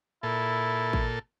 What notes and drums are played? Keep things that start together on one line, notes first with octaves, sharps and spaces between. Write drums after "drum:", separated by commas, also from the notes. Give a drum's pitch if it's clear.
A#2 E4 A4
drum: kick